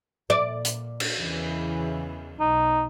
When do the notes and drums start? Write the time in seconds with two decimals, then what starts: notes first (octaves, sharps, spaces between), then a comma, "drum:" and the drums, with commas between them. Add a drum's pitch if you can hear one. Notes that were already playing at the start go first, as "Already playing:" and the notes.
0.30 A#2 D5
0.65 drum: hi-hat
1.00 drum: cymbal
1.18 E2 C#3 E3
2.40 B1 D#4